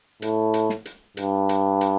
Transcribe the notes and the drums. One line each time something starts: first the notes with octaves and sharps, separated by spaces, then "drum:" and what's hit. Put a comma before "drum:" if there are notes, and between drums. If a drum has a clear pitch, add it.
A2, drum: hi-hat
drum: hi-hat
drum: snare
drum: hi-hat
G2, drum: hi-hat
drum: hi-hat
drum: hi-hat